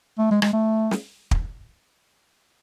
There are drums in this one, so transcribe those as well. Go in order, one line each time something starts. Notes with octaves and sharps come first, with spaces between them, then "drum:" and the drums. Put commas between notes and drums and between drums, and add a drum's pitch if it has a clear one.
A3
G#3
G#3, drum: rim click
A3
drum: snare
drum: kick